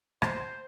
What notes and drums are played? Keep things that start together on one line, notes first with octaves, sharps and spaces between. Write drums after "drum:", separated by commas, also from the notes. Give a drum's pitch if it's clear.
C5, drum: rim click